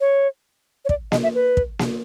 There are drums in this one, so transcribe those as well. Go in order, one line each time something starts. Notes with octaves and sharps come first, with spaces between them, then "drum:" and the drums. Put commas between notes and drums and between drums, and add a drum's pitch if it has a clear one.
C#5
C#5
D5, drum: kick
D#5, drum: snare A#3
E5
B4
drum: kick
drum: snare A#3